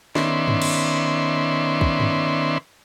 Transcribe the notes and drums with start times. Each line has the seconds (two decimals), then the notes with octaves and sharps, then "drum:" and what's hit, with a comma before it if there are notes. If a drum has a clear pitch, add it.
0.15 D#3 B3 C#4 D5 E5 C6, drum: snare
0.48 drum: tom G2
0.62 drum: cymbal
1.81 drum: kick
2.00 drum: tom G2